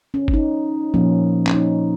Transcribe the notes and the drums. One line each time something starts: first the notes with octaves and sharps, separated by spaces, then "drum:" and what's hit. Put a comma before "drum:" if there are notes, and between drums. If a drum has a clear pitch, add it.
C#4
C#4, drum: kick G1
D#4
A#2 F3 A#3 C#4
C#4, drum: clap
D#4